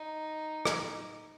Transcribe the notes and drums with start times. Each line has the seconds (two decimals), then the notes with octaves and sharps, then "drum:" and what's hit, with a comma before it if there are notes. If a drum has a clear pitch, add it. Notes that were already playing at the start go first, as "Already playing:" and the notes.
Already playing: D#4
0.65 drum: rim click